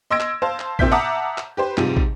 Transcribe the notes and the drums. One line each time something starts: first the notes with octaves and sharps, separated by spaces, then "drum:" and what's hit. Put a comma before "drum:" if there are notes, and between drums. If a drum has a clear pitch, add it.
D#5 C6 E6 G#6 A#6 D7
drum: clap
C5 F5 A5
drum: clap
A#2 C4 E5 G6 B6, drum: kick
E5 F#5 A5 A#5 D6 D#6
drum: clap
G4 B4 C5
G#2 C3 F3 G3, drum: clap
drum: kick